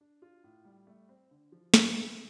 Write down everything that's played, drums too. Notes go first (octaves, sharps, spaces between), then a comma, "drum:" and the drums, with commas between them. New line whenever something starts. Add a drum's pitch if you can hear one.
D4
F4
A2
G3
A3
C4
D3
F3
E4, drum: snare
A4